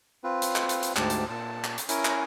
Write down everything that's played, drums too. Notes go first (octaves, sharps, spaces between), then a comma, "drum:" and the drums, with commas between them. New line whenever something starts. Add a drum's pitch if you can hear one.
C4 F4 B4
drum: hi-hat
drum: clap
drum: hi-hat
drum: hi-hat
D2 G#2 G4 A5, drum: clap
drum: hi-hat
A#2 A5
drum: clap
drum: hi-hat
C#4 E4 A#4 G#5, drum: hi-hat
drum: clap